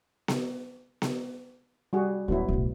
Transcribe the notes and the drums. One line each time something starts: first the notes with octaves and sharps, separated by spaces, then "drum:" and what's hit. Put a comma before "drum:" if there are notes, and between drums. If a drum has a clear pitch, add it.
drum: snare B3
drum: snare B3
G3 F#4 G#4
D1 F#3 B3 E4
D1 B1